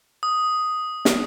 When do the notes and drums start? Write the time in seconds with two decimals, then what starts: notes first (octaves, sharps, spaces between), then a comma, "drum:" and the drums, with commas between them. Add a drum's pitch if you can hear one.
0.23 D#6
1.05 drum: snare